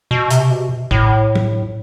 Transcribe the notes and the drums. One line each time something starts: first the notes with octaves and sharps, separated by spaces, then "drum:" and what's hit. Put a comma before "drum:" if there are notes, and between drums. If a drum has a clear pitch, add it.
B2
C3, drum: hi-hat
B2
A2, drum: kick
drum: tom